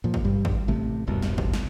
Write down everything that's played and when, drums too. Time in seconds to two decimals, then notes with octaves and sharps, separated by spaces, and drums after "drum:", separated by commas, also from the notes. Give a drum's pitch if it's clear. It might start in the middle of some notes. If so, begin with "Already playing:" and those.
0.04 A#2 F3
0.14 drum: kick G#1
0.24 G2 G3
0.45 drum: kick G#1
0.68 A1 C3 A3
1.07 E1 C2 G2 B2
1.22 drum: snare
1.38 drum: kick G#1
1.53 drum: snare